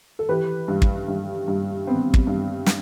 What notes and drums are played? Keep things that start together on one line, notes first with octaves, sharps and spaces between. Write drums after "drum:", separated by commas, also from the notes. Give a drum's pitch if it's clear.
A4
E3 G4 B4
G2
drum: kick
G2
G2
B3 C4
drum: kick
G2
drum: snare